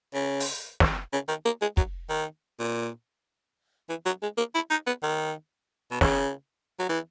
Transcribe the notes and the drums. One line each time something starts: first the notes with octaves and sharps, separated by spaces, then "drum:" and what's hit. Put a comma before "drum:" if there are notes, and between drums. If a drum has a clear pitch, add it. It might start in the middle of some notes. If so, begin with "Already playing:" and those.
C#3
drum: open hi-hat
drum: snare
C#3
D#3
A#3
G#3
F#3, drum: kick
D#3
A#2
E3
F#3
G#3
A#3
E4
D#4
B3
D#3
B2
C#3, drum: snare
F#3
E3